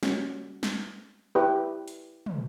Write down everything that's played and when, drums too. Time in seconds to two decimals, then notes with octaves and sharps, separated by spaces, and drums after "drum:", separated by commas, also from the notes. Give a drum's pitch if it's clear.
0.03 G3 A#3 C#4 F#4, drum: snare
0.63 drum: snare
1.35 E4 G4 B4 D5
1.88 drum: hi-hat
2.26 drum: tom